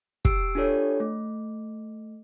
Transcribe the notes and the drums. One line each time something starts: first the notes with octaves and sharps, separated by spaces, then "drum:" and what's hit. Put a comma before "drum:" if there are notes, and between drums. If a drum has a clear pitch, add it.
G4 E6 C7 D7, drum: kick
D4 F4 G4 A4 C#5 D5
A3